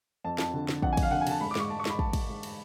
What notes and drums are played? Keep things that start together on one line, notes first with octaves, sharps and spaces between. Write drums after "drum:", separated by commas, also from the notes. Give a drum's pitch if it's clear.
F2 A5
F2 A5, drum: snare
D3
D3, drum: snare
F2 F#5, drum: kick
G#5
F2, drum: kick, cymbal
F5
D3 F#5
G#5
D3 A5, drum: cymbal
G#2 B5
D6
G#2 C#6, drum: snare
G#2 A5
C#6
G#2 B5, drum: snare
G#2 A5, drum: kick
G#2, drum: kick, cymbal
G#2
drum: cymbal